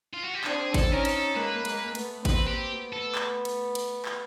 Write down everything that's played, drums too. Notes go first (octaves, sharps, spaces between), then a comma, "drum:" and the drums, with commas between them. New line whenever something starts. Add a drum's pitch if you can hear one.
F4
F#4
G4
C4 D4 G#4, drum: clap
A4, drum: kick G#1, cymbal
C#4 D#4 A#4
A4, drum: cymbal
G#3 A#3 B4
G#3 A#3, drum: cymbal
A3 B3, drum: cymbal
A#3 C4 B4, drum: kick G#1, cymbal
G4
A3 B3
A4
drum: clap
drum: cymbal
drum: cymbal
drum: clap